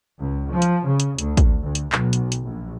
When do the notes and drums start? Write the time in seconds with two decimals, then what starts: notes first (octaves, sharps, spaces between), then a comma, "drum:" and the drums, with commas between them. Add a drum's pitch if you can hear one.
0.19 C#2
0.52 F3
0.62 drum: hi-hat
0.87 C#3
1.00 drum: hi-hat
1.18 D2, drum: hi-hat
1.37 drum: kick, hi-hat
1.62 D2
1.75 drum: hi-hat
1.92 B1, drum: clap
2.13 drum: hi-hat
2.32 drum: hi-hat
2.44 A#1